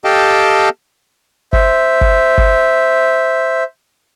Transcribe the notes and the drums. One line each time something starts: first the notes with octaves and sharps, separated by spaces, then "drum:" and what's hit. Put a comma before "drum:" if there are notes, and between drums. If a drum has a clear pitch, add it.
G4 A4 D#5 F5 G5 A5
C5 E5, drum: kick G1
drum: kick G1
drum: kick G1